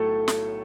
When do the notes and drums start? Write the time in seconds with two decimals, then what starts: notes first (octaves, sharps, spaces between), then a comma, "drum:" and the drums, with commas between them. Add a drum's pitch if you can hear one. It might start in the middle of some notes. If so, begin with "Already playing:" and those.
Already playing: B1 A2 F#3 A3 A4
0.28 drum: snare